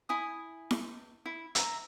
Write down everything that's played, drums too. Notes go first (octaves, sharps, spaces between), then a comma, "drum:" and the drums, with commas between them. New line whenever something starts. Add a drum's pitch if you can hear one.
E4 G#5 D#6
drum: snare E4
E4
E5 A#5, drum: hi-hat